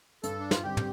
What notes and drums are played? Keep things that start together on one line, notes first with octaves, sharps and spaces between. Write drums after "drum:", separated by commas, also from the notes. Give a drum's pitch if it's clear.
G2 A4, drum: hi-hat
D4
F4, drum: snare
D3 G3 C4 G4
drum: tom